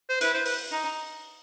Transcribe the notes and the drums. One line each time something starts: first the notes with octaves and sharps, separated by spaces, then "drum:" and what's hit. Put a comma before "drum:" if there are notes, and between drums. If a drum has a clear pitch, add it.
C5
E4 B4, drum: hi-hat
C5
B4, drum: open hi-hat
D#4